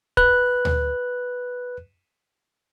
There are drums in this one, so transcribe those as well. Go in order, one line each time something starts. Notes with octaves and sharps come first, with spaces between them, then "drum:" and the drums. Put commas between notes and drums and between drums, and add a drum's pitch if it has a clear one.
B4 F#6, drum: kick
drum: tom D2